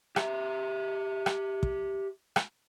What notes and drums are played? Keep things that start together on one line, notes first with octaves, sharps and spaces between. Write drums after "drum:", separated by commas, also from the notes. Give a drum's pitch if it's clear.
G4 E5, drum: rim click
drum: rim click
drum: kick
drum: rim click